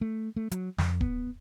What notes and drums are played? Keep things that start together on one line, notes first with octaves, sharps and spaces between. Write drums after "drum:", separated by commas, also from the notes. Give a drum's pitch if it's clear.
A3
A3
F#3, drum: hi-hat
F2, drum: snare
B3, drum: kick D1